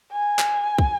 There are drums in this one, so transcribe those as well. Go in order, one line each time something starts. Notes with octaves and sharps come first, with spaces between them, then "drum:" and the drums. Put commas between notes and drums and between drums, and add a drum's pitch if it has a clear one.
G#5
drum: clap
drum: kick